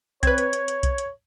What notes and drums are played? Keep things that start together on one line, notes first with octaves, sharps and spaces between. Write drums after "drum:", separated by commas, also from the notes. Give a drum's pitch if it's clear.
C4 B4 C#5 G#6, drum: kick B1, hi-hat
drum: hi-hat
drum: hi-hat
drum: hi-hat
drum: kick B1, hi-hat
drum: hi-hat